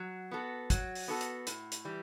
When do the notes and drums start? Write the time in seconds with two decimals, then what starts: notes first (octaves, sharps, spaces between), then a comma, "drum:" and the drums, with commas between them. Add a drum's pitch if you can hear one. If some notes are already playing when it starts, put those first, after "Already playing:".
Already playing: F#3
0.31 B3 F#4 A4
0.70 F#3, drum: kick, hi-hat
0.95 drum: open hi-hat
1.08 B3 F#4 A4
1.21 drum: hi-hat
1.47 A2, drum: hi-hat
1.72 drum: hi-hat
1.85 E3 G3